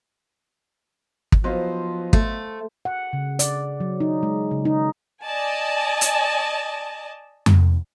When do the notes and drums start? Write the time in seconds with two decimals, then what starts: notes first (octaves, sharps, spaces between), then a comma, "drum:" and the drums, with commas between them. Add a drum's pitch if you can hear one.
1.32 drum: kick
1.44 F3 F#3 B3 D#4 C5 F5
2.13 A3, drum: kick
2.85 F#5
3.13 C#3
3.39 D5, drum: hi-hat
3.80 F#3
4.00 D#4
4.23 G#3
4.51 C#3
4.65 D#4
5.24 D5 D#5 G#5 A5
6.01 drum: hi-hat
7.46 drum: tom F2